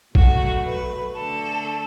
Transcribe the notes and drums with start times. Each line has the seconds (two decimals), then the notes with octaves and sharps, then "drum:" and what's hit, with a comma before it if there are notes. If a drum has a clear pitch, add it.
0.15 B2 F#3 A3 F#4, drum: kick
0.65 B4
1.14 D3 A3 A4